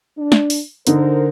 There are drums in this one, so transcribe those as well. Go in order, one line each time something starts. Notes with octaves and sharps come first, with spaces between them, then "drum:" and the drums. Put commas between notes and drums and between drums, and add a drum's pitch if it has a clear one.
D4
drum: snare
drum: open hi-hat
D3 D#4 A#4 C5, drum: hi-hat